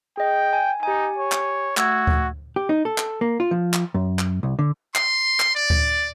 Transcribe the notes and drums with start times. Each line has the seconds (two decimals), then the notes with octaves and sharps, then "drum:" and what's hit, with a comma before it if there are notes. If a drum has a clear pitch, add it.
0.17 G#4 D#5 G5
0.53 G#5
0.83 D#4 G4 G#5
1.18 C#5
1.32 drum: clap
1.77 A3 F#4 E6 G#6, drum: clap
2.07 drum: kick D2
2.56 G4
2.69 D#4
2.85 A4
2.98 drum: clap
3.21 A#3
3.40 F4
3.51 F3
3.74 drum: clap
3.94 F#2
4.19 drum: clap
4.43 C2
4.59 D3
4.96 C6, drum: clap
5.40 drum: clap
5.56 D5
5.70 drum: kick D2